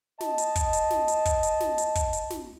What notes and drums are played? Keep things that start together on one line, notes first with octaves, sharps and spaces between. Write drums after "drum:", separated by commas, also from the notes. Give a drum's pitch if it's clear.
D#5 A5, drum: snare
drum: hi-hat
drum: kick, hi-hat
drum: hi-hat
drum: snare
drum: hi-hat
drum: kick, hi-hat
drum: hi-hat
drum: snare
drum: hi-hat
drum: kick, hi-hat
drum: hi-hat
drum: snare